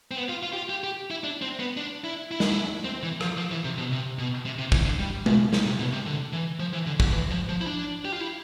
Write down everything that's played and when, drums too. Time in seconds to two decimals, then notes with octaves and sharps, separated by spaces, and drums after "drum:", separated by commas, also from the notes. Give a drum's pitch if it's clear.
0.11 C4
0.17 B3
0.29 F4
0.43 F4
0.53 G4
0.56 F4
0.70 G4
0.84 G4
1.11 E4
1.24 D4
1.42 C4
1.60 B3
1.77 D4
2.04 E4
2.31 E4
2.40 D4, drum: snare
2.49 E4
2.85 C4
3.03 E3
3.21 F3, drum: rim click
3.37 F3
3.51 E3
3.65 C3
3.78 B2
3.92 C3
4.19 B2
4.46 C3
4.59 C3
4.72 E3, drum: kick
4.85 D3
4.99 G3
5.26 B2, drum: tom G#3
5.53 C3, drum: snare
5.66 C3
5.79 B2
5.93 C3
6.06 D3
6.33 E3
6.60 F3
6.73 E3
6.87 D3
7.00 D3, drum: kick
7.12 E3
7.31 F3
7.49 F3
7.61 E4
7.67 D4
8.05 G4
8.12 F4
8.20 E4